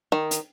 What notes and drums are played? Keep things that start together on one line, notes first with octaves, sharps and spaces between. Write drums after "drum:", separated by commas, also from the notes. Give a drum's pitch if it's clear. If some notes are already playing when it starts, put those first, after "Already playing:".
D#3
drum: hi-hat